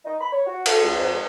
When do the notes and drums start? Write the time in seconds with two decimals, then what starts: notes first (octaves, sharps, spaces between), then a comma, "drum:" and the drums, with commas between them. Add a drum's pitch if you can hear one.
0.04 D#4
0.20 B5
0.32 C#5
0.47 F#4
0.66 A4, drum: cymbal
0.81 C#2
0.97 F2
1.14 G#3